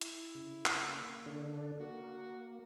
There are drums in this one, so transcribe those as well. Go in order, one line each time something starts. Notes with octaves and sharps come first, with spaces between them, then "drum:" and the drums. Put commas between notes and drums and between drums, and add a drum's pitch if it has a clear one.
E4, drum: hi-hat
C#3
drum: clap
A#3
D3 D4
A#3 F#4